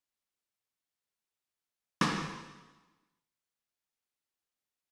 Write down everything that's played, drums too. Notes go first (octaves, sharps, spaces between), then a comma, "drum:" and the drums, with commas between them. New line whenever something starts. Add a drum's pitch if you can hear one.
A#2 D#3 C#4
drum: rim click
D#3 G#3 A3 G4
G#5
C4 D#4 E4 D5 G#5
D6 F#6 A6